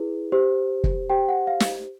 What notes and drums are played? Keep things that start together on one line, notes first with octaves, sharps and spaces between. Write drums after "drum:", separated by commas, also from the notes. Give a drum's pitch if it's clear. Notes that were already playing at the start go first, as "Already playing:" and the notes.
Already playing: E4 G#4 B4
G4 C5
drum: kick
G4 C5 G5
F#5
F5
drum: snare